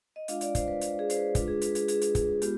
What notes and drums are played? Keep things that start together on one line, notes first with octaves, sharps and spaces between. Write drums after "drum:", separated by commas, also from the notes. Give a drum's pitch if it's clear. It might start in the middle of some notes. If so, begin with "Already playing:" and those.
D#5
G#3 D4 F4 F5, drum: hi-hat
D5, drum: hi-hat
C5, drum: kick, hi-hat
B4
drum: hi-hat
G#4
C5, drum: hi-hat
B4
G#3 D4 F4 B4, drum: kick, hi-hat
G#4
B4, drum: hi-hat
G#4, drum: hi-hat
G#4, drum: hi-hat
drum: hi-hat
drum: kick, hi-hat
G#3 B3 F4 G4, drum: hi-hat